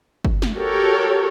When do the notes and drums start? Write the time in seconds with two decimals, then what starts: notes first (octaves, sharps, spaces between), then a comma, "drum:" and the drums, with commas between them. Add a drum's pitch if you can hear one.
0.25 drum: kick G1
0.42 drum: snare
0.55 F#4 G4 A4 A#4 C#5